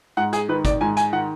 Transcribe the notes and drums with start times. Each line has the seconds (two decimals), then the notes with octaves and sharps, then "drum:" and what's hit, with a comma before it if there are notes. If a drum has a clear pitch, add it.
0.17 G#2 F#5
0.33 G#4, drum: hi-hat
0.49 D#3 B4
0.65 D5, drum: kick, hi-hat
0.81 G#2 G#5
0.97 G#5, drum: hi-hat
1.13 D#3 F#5